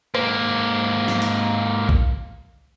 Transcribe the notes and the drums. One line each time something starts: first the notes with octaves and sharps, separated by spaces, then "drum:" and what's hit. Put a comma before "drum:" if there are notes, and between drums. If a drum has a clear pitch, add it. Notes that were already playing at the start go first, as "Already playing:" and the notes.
G#2 A#3, drum: rim click
drum: snare
drum: open hi-hat
drum: kick